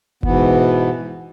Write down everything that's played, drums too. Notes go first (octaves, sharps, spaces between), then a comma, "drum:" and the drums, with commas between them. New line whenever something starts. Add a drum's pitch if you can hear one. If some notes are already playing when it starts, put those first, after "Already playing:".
G#2 B2 E3 B3, drum: kick F#1